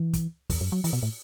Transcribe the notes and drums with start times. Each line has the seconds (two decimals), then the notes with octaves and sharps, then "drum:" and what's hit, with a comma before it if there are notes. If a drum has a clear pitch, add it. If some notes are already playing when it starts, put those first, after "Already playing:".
Already playing: E3
0.13 drum: kick, hi-hat
0.50 E2, drum: kick, open hi-hat
0.61 F#2
0.72 F#3
0.84 E3, drum: open hi-hat
0.93 B2
1.03 A2